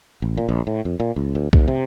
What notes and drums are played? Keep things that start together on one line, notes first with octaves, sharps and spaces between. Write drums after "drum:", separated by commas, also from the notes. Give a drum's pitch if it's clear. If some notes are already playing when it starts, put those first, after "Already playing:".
A1
A#2
A#1
A2
F2
A#2
C#2
D2
D#2, drum: kick B1
C3